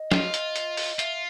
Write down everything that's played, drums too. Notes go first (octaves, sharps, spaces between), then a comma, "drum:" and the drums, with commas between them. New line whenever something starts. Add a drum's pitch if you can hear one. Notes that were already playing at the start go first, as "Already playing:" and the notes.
Already playing: D#5
F4, drum: snare
drum: hi-hat
drum: hi-hat
drum: open hi-hat
F4 E5, drum: hi-hat